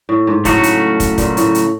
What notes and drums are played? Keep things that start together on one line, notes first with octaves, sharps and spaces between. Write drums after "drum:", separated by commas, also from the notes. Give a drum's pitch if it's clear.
A2
G#2
A2 C#3 F#3 A3 C#4 F#4, drum: kick, hi-hat
drum: hi-hat
drum: kick, hi-hat
A#2, drum: kick, hi-hat
A2, drum: hi-hat
drum: hi-hat